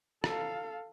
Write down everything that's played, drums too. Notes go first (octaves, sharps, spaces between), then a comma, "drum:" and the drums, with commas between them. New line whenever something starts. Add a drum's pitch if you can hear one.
A4 F5, drum: rim click